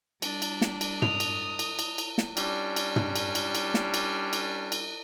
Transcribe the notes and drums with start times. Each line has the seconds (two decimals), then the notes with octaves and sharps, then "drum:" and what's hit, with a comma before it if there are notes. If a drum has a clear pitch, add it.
0.22 G3 D4, drum: cymbal
0.42 drum: cymbal
0.61 drum: snare
0.81 drum: cymbal
1.02 D#6 F7, drum: tom
1.20 drum: cymbal
1.59 drum: cymbal
1.79 drum: cymbal
1.98 drum: cymbal
2.18 drum: snare
2.37 G3 C#4 D4, drum: cymbal
2.76 drum: cymbal
2.96 drum: tom
3.16 drum: cymbal
3.35 drum: cymbal
3.55 drum: cymbal
3.74 drum: snare
3.94 drum: cymbal
4.33 drum: cymbal
4.72 drum: cymbal